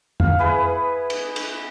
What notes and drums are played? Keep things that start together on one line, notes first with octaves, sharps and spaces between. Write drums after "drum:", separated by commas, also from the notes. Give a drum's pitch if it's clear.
F5, drum: tom F2
B3 E4 G#4 B4
drum: cymbal
drum: cymbal